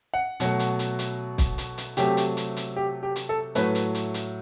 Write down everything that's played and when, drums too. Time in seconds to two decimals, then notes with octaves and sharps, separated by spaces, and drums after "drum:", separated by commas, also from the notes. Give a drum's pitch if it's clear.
0.14 F#5
0.40 B2 F#3 A3, drum: hi-hat
0.59 drum: hi-hat
0.79 drum: hi-hat
0.99 drum: hi-hat
1.38 drum: kick, hi-hat
1.58 drum: hi-hat
1.78 drum: hi-hat
1.97 C3 F#3 A3 G4, drum: hi-hat
2.17 drum: hi-hat
2.37 drum: hi-hat
2.57 drum: hi-hat
2.76 G4
3.03 G4
3.16 drum: hi-hat
3.29 A4
3.55 A2 F#3 A3 B4, drum: hi-hat
3.75 drum: hi-hat
3.95 drum: hi-hat
4.14 drum: hi-hat